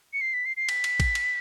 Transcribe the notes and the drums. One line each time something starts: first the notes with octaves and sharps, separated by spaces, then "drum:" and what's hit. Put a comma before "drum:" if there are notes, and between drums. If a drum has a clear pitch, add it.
C#7
C7
B6
C7
C7
B6, drum: cymbal
drum: cymbal
drum: kick, cymbal
drum: cymbal